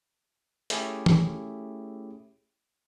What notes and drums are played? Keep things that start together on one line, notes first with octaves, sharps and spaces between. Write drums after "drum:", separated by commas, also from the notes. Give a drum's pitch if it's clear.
A3 C#4 E4 G4 G#4, drum: hi-hat
drum: tom E3